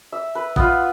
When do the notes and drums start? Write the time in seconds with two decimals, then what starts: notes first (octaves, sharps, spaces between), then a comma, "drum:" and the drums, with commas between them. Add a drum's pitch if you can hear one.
0.12 E5
0.35 B4
0.56 B3 F4, drum: kick